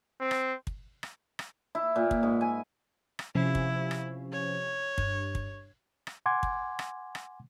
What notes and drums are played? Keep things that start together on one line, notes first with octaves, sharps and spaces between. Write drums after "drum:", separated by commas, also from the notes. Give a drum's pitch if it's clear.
C4
drum: rim click
drum: kick
drum: rim click
drum: rim click
E4
A#2
drum: kick
G#2
G#5
drum: rim click
C3 F3 C#4 E4
drum: kick
drum: rim click
C#5
G2, drum: kick
drum: kick
drum: rim click
F#5 G#5 C6 D6 G#6
drum: kick
drum: rim click
drum: rim click